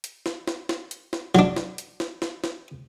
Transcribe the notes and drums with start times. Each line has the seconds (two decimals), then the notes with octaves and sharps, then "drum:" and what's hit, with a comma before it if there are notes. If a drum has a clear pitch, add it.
0.04 drum: hi-hat
0.26 drum: snare
0.47 drum: snare
0.69 drum: snare
0.91 drum: hi-hat
1.13 drum: snare
1.35 F#3 D4, drum: snare
1.56 drum: snare
1.78 drum: hi-hat
2.00 drum: snare
2.22 drum: snare
2.44 drum: snare